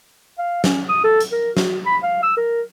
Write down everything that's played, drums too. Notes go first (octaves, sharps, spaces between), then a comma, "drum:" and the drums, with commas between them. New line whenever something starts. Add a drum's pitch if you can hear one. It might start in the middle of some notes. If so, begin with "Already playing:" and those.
F5
C#4, drum: snare
D#6
A4
drum: hi-hat
A#4
F#4, drum: snare
B5
F5
E6
A#4